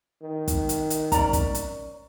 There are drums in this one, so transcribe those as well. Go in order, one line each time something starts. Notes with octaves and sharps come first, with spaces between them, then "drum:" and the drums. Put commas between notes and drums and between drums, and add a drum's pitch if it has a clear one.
D#3
drum: kick, hi-hat
drum: hi-hat
drum: hi-hat
C#4 D5 A#5, drum: kick, hi-hat
drum: kick, hi-hat
drum: hi-hat